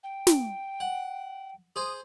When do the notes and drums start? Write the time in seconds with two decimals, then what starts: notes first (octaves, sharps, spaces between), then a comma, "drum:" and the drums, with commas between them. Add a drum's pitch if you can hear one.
0.04 G5
0.27 drum: snare
0.80 F#5
1.76 G#4 C5 D#6